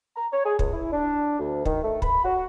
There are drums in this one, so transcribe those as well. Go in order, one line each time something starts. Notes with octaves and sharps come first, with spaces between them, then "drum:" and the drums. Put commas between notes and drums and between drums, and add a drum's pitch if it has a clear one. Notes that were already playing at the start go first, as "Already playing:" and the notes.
A#5
C#5
G#4
C#2, drum: kick
E4
D4
D2
D#3, drum: kick
A3
B5, drum: kick
F#4